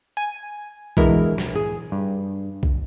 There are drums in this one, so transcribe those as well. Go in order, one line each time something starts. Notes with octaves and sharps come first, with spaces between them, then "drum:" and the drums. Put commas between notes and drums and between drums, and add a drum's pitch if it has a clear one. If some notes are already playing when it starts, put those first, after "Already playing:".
G#5
B2 D3 E3 G#3 E4 A#4, drum: kick B1
drum: snare
G#4, drum: tom
G2
drum: kick B1